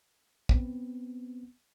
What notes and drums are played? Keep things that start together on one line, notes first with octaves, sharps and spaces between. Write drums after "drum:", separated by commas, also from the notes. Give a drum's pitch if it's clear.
B3 C4, drum: kick